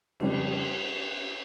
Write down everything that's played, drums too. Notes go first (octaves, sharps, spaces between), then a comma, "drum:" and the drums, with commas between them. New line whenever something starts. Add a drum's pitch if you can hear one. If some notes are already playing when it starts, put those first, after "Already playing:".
F2 C#3 G3, drum: cymbal